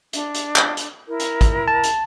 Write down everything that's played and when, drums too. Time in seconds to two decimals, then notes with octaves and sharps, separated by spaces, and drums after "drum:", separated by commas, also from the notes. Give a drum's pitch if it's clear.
0.13 D4, drum: hi-hat
0.34 drum: hi-hat
0.56 drum: clap
0.77 drum: hi-hat
1.07 E4 A#4
1.20 drum: hi-hat
1.41 drum: kick, hi-hat
1.68 A5
1.83 drum: hi-hat